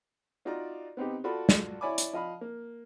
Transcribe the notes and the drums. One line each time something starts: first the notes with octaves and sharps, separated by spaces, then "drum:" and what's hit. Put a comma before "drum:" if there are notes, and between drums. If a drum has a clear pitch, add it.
D#4 F4 F#4 D5 A#5
B3 C4 D#4 G4
F4 F#4 A4 D5 B5
drum: snare
E4 C#5 D5 G#5 B5 D6
drum: hi-hat
F3 D#5 F5 B5
A#3